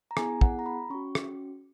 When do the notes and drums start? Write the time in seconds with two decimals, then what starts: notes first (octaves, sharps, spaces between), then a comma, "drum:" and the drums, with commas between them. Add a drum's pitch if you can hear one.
0.11 A#5
0.17 B3 E4 G#4 G#5, drum: rim click
0.41 F#5, drum: kick
0.59 A#5
0.66 B5
0.90 C#4 F#4 C#6
1.15 drum: rim click